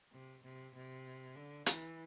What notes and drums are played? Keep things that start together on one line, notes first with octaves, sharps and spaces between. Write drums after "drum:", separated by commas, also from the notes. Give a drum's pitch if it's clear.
C3
C3
C3
D3
E3, drum: hi-hat